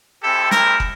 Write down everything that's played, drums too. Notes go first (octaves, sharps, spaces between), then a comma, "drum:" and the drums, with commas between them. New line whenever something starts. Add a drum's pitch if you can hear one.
G#3 C4 E4 G4 A4
A#4, drum: snare
drum: kick